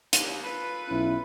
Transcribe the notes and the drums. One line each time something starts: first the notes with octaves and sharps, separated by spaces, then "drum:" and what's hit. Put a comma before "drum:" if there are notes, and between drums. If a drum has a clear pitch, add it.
D#2, drum: hi-hat
F4 A4 B4
B1 C#4 E4